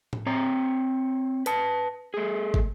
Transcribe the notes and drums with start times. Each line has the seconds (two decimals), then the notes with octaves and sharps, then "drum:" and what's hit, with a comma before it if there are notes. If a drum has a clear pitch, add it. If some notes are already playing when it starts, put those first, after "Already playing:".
0.13 drum: tom A2
0.26 C4 C#5 A#5
1.46 B4 A5, drum: hi-hat
2.14 A3 G#4
2.54 drum: kick